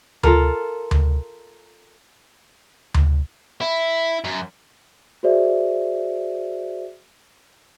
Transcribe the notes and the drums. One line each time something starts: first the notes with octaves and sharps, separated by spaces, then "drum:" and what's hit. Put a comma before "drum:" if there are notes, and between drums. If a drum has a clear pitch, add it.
F4 A4 A#4, drum: tom D2
drum: tom D2
drum: tom D2
E4
F#2
F#4 G#4 C5 D5 E5